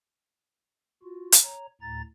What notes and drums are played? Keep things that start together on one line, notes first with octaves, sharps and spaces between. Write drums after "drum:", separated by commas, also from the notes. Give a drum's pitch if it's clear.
F4 F#4
drum: hi-hat
C#5 A#5
D2 A2 A#5 A6